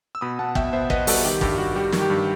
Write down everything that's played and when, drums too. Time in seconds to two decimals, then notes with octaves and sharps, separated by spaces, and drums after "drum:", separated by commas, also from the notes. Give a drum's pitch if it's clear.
0.15 E6
0.21 B2 B5 D#6
0.39 B2 F#5 A5
0.55 B2 E5 G5, drum: kick
0.73 B3 C5 E5
0.90 B3 B4 D#5, drum: kick
1.07 G3 F#4 A4, drum: open hi-hat
1.24 D#3 G4
1.41 G2 G4, drum: kick
1.58 G2 F#4
1.75 G3 G4
1.92 D#3, drum: snare
2.02 G4
2.10 G2